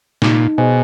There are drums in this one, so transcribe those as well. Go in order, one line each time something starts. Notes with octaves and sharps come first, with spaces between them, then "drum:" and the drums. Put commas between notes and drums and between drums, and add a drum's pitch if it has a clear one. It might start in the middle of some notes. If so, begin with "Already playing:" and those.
A#2 D#4, drum: snare
B2 G#4 C5 D#5 G#5